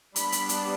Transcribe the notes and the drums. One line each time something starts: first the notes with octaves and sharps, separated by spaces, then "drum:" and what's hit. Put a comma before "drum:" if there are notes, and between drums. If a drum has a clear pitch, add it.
G3 B3 D4 B5, drum: hi-hat
drum: hi-hat
drum: hi-hat